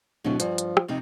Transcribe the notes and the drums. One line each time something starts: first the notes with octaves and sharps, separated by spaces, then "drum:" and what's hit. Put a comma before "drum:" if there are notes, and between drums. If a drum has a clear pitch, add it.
D1 B2 F#3
G2 F3, drum: hi-hat
drum: hi-hat
drum: rim click
F2 C3 D#4